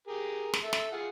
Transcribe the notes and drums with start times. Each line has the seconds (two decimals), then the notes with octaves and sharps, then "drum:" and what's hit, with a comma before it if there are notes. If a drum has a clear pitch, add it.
0.08 G4 G#4 A#4
0.54 drum: snare
0.63 A4 E5
0.73 drum: snare
0.92 F4 G#4 F#5